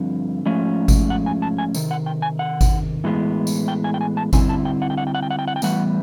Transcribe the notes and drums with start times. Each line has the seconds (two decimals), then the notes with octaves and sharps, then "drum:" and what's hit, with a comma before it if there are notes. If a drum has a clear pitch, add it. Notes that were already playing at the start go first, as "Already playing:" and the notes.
Already playing: G2 D3 F3 C4
0.46 G#2 F3 A3 C#4
0.88 drum: kick G#1, tambourine
1.10 F#5
1.26 G#5
1.42 A5
1.58 G#5
1.75 C3 D#3, drum: tambourine
1.91 F#5
2.06 G5
2.22 G#5
2.39 F#5
2.61 drum: kick G#1, tambourine
3.04 A2 E3 G#3 B3
3.47 drum: tambourine
3.68 G5
3.84 G#5
3.94 G5
4.01 G#5
4.17 A5
4.33 D3 G3 C4 E4 G#5, drum: kick G#1, tambourine
4.49 A5
4.65 G5
4.82 F#5
4.90 G5
4.97 F#5
5.07 G5
5.15 F#5
5.23 G5
5.31 F#5
5.39 G5
5.48 F#5
5.56 G5
5.62 A2 E3 G3 B3 F#5, drum: tambourine